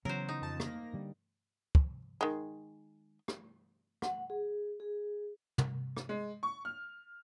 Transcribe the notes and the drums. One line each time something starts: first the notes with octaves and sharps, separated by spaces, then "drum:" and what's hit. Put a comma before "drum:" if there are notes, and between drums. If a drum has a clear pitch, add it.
C#3 E3 F#3 B3 A#4 C5
D#4
F2 A5
A#3 A#6, drum: rim click
D3 G3
drum: kick
D#3 G#3
drum: rim click
F#5, drum: rim click
G#4
G#4
drum: tom
drum: rim click
G#3
C#6
F6